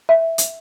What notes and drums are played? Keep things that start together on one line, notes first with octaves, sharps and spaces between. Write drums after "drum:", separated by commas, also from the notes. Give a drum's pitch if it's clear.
E5
drum: hi-hat